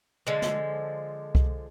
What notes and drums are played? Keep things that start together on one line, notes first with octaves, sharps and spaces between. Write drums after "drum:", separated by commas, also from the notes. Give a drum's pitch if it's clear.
D3 F3 G#3
drum: snare
drum: kick C2